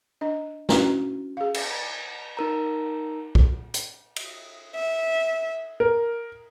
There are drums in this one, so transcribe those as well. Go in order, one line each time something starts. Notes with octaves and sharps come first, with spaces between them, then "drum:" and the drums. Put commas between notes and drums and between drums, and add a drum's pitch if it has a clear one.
D4 D#5
C#4 D4 E4 F#4 B4, drum: snare
G#4 F5
drum: cymbal
D#4 A#4 A#5
drum: kick
drum: hi-hat
drum: cymbal
E5
A#4